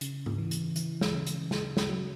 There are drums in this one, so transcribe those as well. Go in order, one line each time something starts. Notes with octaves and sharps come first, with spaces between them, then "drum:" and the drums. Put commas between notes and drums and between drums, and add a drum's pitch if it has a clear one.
C#3, drum: hi-hat
drum: tom G#2
E3
drum: hi-hat
E3, drum: hi-hat
drum: snare
C#3
drum: hi-hat
C#3, drum: snare
drum: snare
F#3